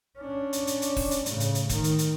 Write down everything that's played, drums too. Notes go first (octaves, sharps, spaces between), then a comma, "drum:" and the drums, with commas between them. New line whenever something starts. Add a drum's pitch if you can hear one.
C#4 D4
drum: hi-hat
drum: hi-hat
drum: hi-hat
drum: kick, open hi-hat
drum: hi-hat
A2 C#3, drum: hi-hat
drum: hi-hat
drum: hi-hat
D#3, drum: kick, hi-hat
drum: hi-hat
drum: hi-hat